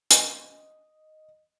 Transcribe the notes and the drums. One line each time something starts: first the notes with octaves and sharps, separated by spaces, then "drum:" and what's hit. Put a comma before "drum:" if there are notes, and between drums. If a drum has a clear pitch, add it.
D#5, drum: hi-hat